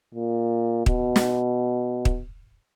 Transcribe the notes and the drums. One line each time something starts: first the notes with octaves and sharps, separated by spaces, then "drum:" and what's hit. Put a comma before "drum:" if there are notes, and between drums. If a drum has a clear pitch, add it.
A#2
B2, drum: kick
drum: snare
drum: kick